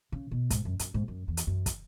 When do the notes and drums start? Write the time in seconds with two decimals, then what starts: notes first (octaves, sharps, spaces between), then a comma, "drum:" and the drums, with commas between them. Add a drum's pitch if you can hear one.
0.12 C#3
0.31 B2
0.50 G#2, drum: kick, hi-hat
0.65 F#2
0.79 F#2, drum: hi-hat
0.94 G#2
1.08 F#2
1.28 E2
1.37 drum: hi-hat
1.47 F#2
1.66 drum: kick, hi-hat